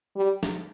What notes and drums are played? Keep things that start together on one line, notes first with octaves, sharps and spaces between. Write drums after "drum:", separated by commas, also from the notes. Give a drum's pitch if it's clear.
G3
drum: snare